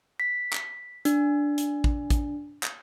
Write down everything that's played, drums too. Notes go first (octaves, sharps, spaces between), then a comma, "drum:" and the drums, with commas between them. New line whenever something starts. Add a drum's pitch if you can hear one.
B6
drum: clap
D4, drum: hi-hat
drum: hi-hat
drum: kick
drum: kick, hi-hat
drum: clap